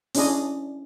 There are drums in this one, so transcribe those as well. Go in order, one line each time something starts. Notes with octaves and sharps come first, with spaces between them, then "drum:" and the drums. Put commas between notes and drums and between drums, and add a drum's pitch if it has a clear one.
C#4 D4 E4 G#4 D#5, drum: open hi-hat